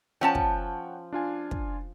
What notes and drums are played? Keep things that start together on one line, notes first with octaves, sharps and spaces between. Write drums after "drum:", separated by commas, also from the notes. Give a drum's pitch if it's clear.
F3 C#4 C#5 F#5 G5 A5
drum: kick
D4 F4 G#5
drum: kick